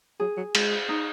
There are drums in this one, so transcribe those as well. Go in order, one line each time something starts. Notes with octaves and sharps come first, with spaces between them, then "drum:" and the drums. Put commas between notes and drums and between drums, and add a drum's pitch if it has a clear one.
F#3 G#4
F#3
G#3, drum: cymbal
D#4